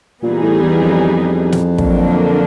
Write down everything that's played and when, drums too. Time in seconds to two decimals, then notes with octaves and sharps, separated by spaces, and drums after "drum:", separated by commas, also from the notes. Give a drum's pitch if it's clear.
0.23 A#2 E3 G3 B3 D#4 G#4
0.43 A2
0.62 E2
0.82 F2
1.52 drum: snare
1.78 D3 F#3 A#3 D4, drum: kick